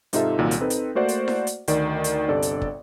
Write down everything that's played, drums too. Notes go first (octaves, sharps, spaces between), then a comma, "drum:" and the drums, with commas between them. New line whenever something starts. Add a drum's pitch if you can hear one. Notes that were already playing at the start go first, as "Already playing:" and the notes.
G#2 C3 D#4 F4 A4 E5, drum: hi-hat
C2 A#2 D#3 F#3 A#4
drum: hi-hat
C4 D#4 A4 B4
drum: hi-hat
A3 A#3 F#4 C5 D5 F#5
drum: hi-hat
drum: snare E4
drum: hi-hat
D2 D#3 D5, drum: hi-hat
drum: hi-hat
G1 C3 D4 A4 D5
drum: hi-hat
drum: kick